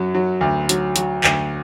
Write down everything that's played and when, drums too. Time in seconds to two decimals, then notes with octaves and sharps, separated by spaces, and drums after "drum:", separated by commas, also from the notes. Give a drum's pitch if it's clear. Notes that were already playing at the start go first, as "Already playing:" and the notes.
Already playing: F#2 F#3
0.15 F#3
0.41 D2
0.69 F#3, drum: hi-hat
0.96 F#3, drum: hi-hat
1.24 D2, drum: clap